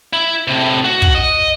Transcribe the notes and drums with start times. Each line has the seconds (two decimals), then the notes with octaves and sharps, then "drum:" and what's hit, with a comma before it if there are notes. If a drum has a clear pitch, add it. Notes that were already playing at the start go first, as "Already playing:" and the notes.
0.13 E4
0.47 A2 C3
0.84 F#4
1.02 drum: kick
1.15 D#5